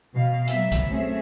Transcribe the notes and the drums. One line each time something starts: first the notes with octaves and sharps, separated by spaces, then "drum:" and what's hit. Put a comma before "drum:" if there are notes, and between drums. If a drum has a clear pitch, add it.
B2 F5
F#3 B3 E5, drum: hi-hat
drum: kick C2, hi-hat
A3 C4 C#4 G#4 E5